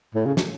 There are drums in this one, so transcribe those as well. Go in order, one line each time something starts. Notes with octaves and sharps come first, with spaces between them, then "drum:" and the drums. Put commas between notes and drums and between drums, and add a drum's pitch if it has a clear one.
A2
C#3
drum: snare